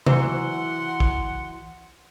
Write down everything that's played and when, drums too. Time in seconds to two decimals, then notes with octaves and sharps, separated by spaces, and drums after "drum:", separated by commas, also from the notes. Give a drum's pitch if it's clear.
0.06 E3 F#3 C5 F#5 C6, drum: tom C3
1.00 drum: kick